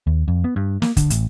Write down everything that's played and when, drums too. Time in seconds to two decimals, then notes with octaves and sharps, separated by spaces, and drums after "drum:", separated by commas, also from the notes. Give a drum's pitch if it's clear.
0.07 D#2
0.28 F2
0.44 B3
0.56 G2
0.82 A#3, drum: snare
0.97 D3, drum: kick, hi-hat
1.10 A1, drum: hi-hat